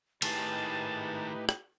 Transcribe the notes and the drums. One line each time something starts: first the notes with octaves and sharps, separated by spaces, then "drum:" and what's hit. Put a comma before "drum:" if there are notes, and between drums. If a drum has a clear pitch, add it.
A2 D#3 D#4 G4 G#4 B4 A5, drum: cymbal
drum: rim click